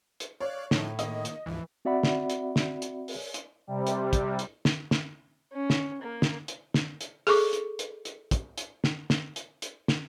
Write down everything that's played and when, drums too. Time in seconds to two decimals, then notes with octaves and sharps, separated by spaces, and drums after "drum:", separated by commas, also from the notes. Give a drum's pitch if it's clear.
0.20 drum: hi-hat
0.40 C#5 D5 F5 F#6
0.71 A2 F3 D#4 D#5, drum: snare
0.99 D#3 A#3 D#5 D#6, drum: hi-hat
1.25 drum: hi-hat
1.46 D2 G#2 E3 F3
1.85 C4 F#4 D5 E5 F#5 B5
2.03 drum: snare
2.30 drum: hi-hat
2.56 drum: snare
2.82 drum: hi-hat
3.08 drum: open hi-hat
3.34 drum: hi-hat
3.67 C3 G3
3.87 drum: hi-hat
4.13 drum: kick, hi-hat
4.39 drum: hi-hat
4.65 drum: snare
4.91 drum: snare
5.52 C#4
5.70 drum: snare
6.02 A#3
6.22 drum: snare
6.48 drum: hi-hat
6.74 drum: snare
7.01 drum: hi-hat
7.27 G#4 A4 C#6 D6, drum: open hi-hat
7.53 drum: hi-hat
7.79 drum: hi-hat
8.05 drum: hi-hat
8.31 drum: kick, hi-hat
8.58 drum: hi-hat
8.84 drum: snare
9.10 drum: snare
9.36 drum: hi-hat
9.62 drum: hi-hat
9.88 drum: snare